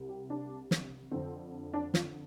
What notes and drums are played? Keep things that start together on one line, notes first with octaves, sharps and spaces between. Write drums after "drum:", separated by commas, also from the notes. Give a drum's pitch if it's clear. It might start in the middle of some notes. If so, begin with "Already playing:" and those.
Already playing: C2 C3
G4
D4
drum: snare
F2 D3 C4
D4
F4, drum: snare